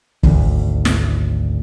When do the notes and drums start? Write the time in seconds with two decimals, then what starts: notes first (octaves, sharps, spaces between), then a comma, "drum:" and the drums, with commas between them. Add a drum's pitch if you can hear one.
0.23 G#1 D2, drum: kick F#1
0.85 drum: snare